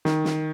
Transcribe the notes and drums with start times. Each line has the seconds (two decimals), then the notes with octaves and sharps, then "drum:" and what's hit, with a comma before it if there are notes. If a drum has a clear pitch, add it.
0.05 D#3, drum: snare
0.25 drum: snare